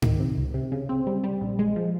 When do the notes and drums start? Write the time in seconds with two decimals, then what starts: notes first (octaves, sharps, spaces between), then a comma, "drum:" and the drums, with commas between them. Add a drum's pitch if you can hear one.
0.02 D#3, drum: tom G#2
0.19 C3
0.37 C#2
0.54 C3
0.72 C#3
0.89 C4
1.07 G3
1.24 G3
1.41 A#1
1.59 G#3
1.76 F3